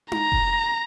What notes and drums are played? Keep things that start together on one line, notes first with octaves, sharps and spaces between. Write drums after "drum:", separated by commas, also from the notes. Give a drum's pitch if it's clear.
A#5, drum: tom D#4
drum: kick F1